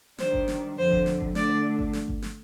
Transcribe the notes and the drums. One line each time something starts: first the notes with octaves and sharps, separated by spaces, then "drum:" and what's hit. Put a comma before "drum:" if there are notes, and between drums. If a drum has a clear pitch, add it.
D#3 G3 D4 C5, drum: snare
drum: kick G1
drum: snare
F2 D3 F3 C5
drum: kick G1
drum: snare
drum: kick G1
D3 A3 D4 D5, drum: snare
drum: kick G1
drum: snare
drum: kick G1
drum: snare